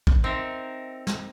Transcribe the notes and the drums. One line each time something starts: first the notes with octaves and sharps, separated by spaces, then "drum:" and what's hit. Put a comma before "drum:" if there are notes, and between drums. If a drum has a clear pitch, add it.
drum: kick
C4 D#4 A#4 E5
drum: snare